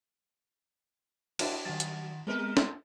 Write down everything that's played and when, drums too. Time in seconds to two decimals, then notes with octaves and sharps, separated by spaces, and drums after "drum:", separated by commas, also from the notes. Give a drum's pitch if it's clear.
1.39 D4 E4 F#4 C#5, drum: cymbal
1.65 D#3 F#3 F#5 A6
1.80 drum: hi-hat
2.27 G3 G#3 B3 C4 A#4 B4
2.57 drum: snare